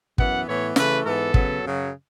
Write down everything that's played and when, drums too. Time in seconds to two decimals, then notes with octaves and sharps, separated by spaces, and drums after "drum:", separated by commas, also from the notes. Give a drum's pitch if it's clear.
0.18 F#2 E3 B3 F#5, drum: kick
0.47 A2 E3 B3 C#5
0.76 C#3 E3 A3 B4, drum: snare
1.05 G#2 E3 B3 A4
1.34 C#3 F#3 B3, drum: kick
1.63 F#2 C#3 F#3